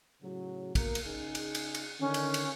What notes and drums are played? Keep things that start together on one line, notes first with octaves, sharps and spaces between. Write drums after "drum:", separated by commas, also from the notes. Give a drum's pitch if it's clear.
A2 C#3 F#3
B2 A#3 A#4, drum: kick, cymbal
drum: cymbal
C#3 D#4 G#4
drum: cymbal
drum: cymbal
drum: cymbal
D3 D#3 C#4
drum: cymbal
drum: cymbal